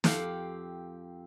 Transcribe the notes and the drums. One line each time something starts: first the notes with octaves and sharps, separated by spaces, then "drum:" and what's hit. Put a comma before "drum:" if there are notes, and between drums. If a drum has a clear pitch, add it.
F2 G4 F5 F#5, drum: snare